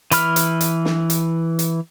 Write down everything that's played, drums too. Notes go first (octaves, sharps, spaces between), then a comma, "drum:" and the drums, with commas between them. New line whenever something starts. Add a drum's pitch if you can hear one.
E3 B5 F6, drum: hi-hat
drum: hi-hat
drum: hi-hat
drum: snare
drum: hi-hat
drum: hi-hat